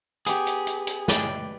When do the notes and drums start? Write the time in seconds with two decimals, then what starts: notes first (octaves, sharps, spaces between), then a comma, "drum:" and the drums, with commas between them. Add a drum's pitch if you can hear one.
0.26 B3 G4 G#4, drum: hi-hat
0.47 drum: hi-hat
0.67 drum: hi-hat
0.87 drum: hi-hat
1.08 B4 D5 G5, drum: snare